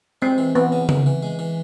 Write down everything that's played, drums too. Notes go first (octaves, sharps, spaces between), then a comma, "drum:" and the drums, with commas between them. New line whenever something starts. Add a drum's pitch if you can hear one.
G#3 C4
E3
E3 B3
C#3
E3, drum: tom C#3
E3
G#3
E3